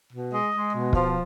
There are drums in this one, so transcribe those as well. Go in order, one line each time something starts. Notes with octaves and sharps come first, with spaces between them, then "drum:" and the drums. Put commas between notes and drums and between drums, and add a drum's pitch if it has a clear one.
B2
G#3 D#5
G#3
B2
F3, drum: kick